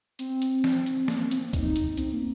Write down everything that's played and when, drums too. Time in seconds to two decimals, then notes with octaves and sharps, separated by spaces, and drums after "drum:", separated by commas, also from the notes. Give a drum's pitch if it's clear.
0.19 C4, drum: hi-hat
0.42 drum: hi-hat
0.64 drum: snare
0.86 drum: hi-hat
1.08 A#3, drum: snare
1.31 C4, drum: hi-hat
1.53 D#4, drum: kick, hi-hat
1.76 drum: hi-hat
1.97 C4, drum: hi-hat
2.13 A#3